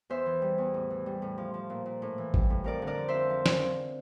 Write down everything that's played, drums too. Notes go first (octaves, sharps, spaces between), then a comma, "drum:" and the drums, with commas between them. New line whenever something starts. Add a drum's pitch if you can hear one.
E2 C5 E5
E3
G3
E2
A2
E3
G3
A2
F3
F3
A#2
A#2
A2
E3
G3, drum: kick
A2
F2 A#4 D5
D3
A#4 D5
F3
C5 E5
F2
F3
F3, drum: snare